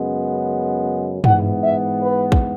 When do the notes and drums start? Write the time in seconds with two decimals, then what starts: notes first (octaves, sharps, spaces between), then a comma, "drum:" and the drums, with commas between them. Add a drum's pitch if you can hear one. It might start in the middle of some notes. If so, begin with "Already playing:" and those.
Already playing: F#2 C#3 G#3 B3
1.24 G#2 E3 B3 F#5, drum: tom G2
1.63 E5
2.01 B4
2.32 drum: kick